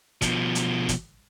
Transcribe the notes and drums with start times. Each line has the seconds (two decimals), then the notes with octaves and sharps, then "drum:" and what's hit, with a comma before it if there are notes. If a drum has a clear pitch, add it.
0.22 B2 F3, drum: kick, hi-hat
0.55 drum: hi-hat
0.89 drum: kick, hi-hat